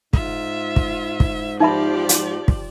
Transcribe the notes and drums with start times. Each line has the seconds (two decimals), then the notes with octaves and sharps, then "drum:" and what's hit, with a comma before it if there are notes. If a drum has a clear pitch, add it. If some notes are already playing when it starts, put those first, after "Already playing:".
0.13 G#2 F4 E5, drum: kick
0.76 drum: kick
1.20 drum: kick
1.60 F3 D#4 G4 D5 E5 B5
2.09 drum: hi-hat
2.48 drum: kick